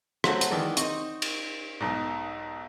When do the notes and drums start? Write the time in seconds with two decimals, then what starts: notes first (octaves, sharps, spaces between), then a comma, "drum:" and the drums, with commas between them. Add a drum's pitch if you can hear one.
0.24 F#3 A3 F#4 C5, drum: rim click
0.41 drum: hi-hat
0.51 D#3 E3 G#3 D5
0.77 C4 D#4 C#6, drum: hi-hat
1.22 drum: cymbal
1.80 B1 G#2